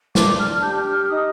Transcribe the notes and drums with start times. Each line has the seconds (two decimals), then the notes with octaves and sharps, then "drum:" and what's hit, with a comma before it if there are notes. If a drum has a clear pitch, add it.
0.15 D4 D6, drum: snare
0.39 F6
0.62 G4 G6
0.85 F6
1.09 D#4 D#6